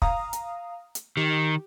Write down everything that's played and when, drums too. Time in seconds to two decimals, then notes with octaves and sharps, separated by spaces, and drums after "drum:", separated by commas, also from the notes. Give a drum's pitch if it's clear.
0.02 F5 A#5 D#6, drum: kick
0.33 drum: hi-hat
0.95 drum: hi-hat
1.17 D#3 G4